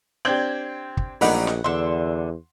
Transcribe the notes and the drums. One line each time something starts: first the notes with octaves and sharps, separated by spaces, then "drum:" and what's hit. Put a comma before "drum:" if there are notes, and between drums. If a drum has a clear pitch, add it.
C4 D4 G4 G6 G#6 F#7
drum: kick
A#1 F#3 G3 A3 A#3 D#4 F#5 B5, drum: open hi-hat
drum: snare
E2 D3 E5 C6